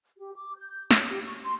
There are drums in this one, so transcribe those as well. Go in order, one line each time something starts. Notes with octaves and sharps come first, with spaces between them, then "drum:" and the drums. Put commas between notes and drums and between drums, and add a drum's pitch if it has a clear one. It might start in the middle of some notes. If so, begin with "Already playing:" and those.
G4
D6
G6
C#5, drum: snare
G4
C#6
C6